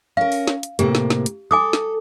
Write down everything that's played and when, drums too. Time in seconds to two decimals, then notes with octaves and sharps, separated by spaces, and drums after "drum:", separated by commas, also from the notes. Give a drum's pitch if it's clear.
0.17 C#4 A#4 F5
0.32 drum: open hi-hat
0.47 drum: snare
0.63 drum: hi-hat
0.79 A2 C3 A#3 G4, drum: hi-hat
0.95 drum: snare
1.10 drum: snare
1.26 drum: hi-hat
1.51 A4 G#5 D6 D#6
1.73 drum: snare